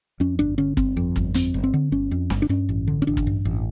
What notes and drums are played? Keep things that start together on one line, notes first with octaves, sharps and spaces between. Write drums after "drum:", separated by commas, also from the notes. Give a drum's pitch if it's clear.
F2 C#4
G1 D4
D3 C#4
G1 C4, drum: kick
F2
G1, drum: kick
F2 C4, drum: hi-hat
G1
C4
D3
G1 C#4
F2
G1, drum: snare
D4
G2 C#4
A1
D3
C#4
A1 D4
drum: kick
G2
A1